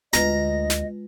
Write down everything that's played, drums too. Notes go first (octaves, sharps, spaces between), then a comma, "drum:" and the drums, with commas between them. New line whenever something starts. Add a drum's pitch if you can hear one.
D2 G#3 F4 B4 D#5 A#5, drum: snare
drum: snare